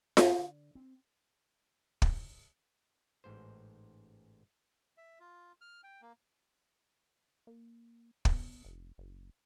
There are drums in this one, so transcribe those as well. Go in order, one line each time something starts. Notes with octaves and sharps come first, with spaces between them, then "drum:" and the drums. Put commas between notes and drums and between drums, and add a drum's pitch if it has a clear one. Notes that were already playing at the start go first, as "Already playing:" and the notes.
G#2, drum: snare F4
D3
C4
drum: kick
A1 G#2 C5
E5
F4
F6
G5
A#3
A#3
B3, drum: kick
F1
F#1